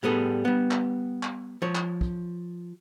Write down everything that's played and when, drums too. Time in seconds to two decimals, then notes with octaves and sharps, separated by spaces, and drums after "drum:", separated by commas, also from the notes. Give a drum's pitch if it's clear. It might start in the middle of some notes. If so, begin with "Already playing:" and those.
0.03 A2 G3 B3 G#4 A4
0.45 G3 B3
0.71 drum: clap
1.23 drum: clap
1.62 F3 C#5
1.75 drum: clap
2.01 drum: kick